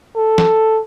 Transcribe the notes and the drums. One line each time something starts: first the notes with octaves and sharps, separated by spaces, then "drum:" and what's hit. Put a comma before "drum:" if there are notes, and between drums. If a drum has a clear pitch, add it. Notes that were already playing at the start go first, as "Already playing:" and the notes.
A4
drum: snare